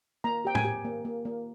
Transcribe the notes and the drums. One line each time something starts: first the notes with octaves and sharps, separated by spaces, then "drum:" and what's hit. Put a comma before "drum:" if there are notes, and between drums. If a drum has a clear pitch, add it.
A#3 A#5
G4 G5
G#5, drum: tom A2
G4
A#3
A#3
A#3